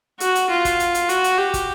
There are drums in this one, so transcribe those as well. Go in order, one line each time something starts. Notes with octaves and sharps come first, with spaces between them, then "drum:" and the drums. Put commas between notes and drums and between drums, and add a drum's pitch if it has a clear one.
F#4, drum: hi-hat
drum: hi-hat
F4
drum: kick, hi-hat
drum: hi-hat
drum: hi-hat
F#4, drum: hi-hat
drum: hi-hat
G4
drum: kick, hi-hat